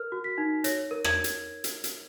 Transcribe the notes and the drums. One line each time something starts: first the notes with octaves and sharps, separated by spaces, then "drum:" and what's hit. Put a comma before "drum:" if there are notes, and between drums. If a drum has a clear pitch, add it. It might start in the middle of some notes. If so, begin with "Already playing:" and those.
Already playing: A#4 F6
F#4
B6
D#4
C#5 A#6, drum: hi-hat
A#4
G#6, drum: rim click
drum: hi-hat
drum: hi-hat
drum: hi-hat